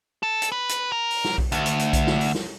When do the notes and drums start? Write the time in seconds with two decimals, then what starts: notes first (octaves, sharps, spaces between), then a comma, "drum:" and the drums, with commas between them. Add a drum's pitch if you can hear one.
0.23 A4
0.42 drum: hi-hat
0.52 B4
0.69 drum: hi-hat
0.92 A#4
1.11 drum: open hi-hat
1.24 drum: snare
1.38 drum: kick B1
1.52 D2, drum: hi-hat
1.66 drum: hi-hat
1.79 drum: hi-hat
1.93 drum: kick B1, hi-hat
2.07 drum: snare
2.21 drum: open hi-hat
2.35 drum: snare